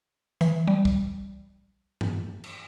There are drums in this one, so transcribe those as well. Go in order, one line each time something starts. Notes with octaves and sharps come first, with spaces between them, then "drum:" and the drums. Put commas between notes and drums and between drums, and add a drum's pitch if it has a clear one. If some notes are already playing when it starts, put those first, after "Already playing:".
E3, drum: hi-hat
G3
drum: kick
drum: tom G2
drum: cymbal